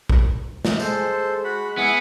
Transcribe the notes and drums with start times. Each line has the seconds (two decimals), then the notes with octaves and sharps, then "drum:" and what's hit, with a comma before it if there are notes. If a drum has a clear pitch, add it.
0.10 drum: kick A#1
0.65 drum: snare
0.80 G#3 A4 C5, drum: tambourine
1.44 F#4 B5
1.77 B3 E4 G#4 F#5 C#7